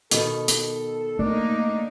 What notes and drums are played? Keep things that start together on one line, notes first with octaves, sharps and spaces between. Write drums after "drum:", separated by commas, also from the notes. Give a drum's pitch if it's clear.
B2 D#3 A4, drum: hi-hat
drum: hi-hat
A3 A#3 D4 D#4